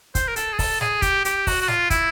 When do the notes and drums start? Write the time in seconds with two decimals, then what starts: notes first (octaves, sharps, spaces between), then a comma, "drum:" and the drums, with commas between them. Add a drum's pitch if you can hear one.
0.15 C5, drum: kick, hi-hat
0.28 A#4
0.36 A4, drum: hi-hat
0.53 G#4
0.59 A4, drum: kick, open hi-hat
0.81 G#4, drum: snare
1.02 G4, drum: kick, hi-hat
1.25 G4, drum: hi-hat
1.47 F#4, drum: kick, open hi-hat
1.61 F#4
1.68 F4, drum: snare
1.90 E4, drum: kick, hi-hat